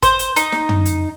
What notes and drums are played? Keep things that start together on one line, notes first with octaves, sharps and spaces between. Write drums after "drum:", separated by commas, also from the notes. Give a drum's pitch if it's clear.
C5, drum: kick G#1, hi-hat
drum: hi-hat
D#4, drum: hi-hat
drum: snare
drum: tom
drum: hi-hat